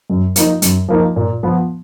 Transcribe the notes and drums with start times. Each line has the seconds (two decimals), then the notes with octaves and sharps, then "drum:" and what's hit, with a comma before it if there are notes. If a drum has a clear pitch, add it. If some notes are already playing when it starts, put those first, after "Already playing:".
0.10 F#2
0.36 F3 A#3 D#4, drum: hi-hat
0.62 F#2, drum: hi-hat
0.89 F3 A#3 D#4
1.16 A#2
1.43 F3 B3